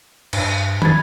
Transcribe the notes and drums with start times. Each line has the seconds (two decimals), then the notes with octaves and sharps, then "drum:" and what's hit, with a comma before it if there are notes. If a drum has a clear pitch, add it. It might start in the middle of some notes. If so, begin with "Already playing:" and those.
0.33 G2, drum: cymbal
0.82 B5 G#6 A6, drum: tom